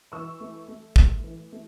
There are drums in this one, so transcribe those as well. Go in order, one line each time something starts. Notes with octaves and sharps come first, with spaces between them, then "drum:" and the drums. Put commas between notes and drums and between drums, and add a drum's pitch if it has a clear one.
E3 C#6 E6
A3
A3
A3, drum: kick
E3
A3